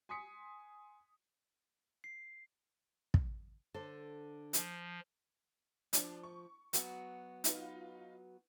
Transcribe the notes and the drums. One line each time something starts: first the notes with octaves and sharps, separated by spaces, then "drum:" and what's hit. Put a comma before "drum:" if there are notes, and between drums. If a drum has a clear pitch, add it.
G#5 C6 D#6 B6 C#7
C7
drum: kick
D3 A4 C5
F3, drum: hi-hat
F3 D4, drum: hi-hat
C#6
F#3 B3 F#4, drum: hi-hat
D#4 F4 B4, drum: hi-hat